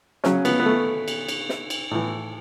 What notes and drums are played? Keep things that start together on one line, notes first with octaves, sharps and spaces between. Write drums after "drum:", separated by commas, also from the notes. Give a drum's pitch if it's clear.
C#3 F#3 C#4, drum: snare
B3, drum: cymbal
B3
A3
drum: cymbal
drum: cymbal
drum: snare
drum: cymbal
A2 E3